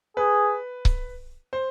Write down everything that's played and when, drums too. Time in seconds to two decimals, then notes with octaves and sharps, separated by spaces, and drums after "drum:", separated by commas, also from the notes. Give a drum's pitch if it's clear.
0.17 G#4 B4
0.85 drum: kick C#1
1.53 C5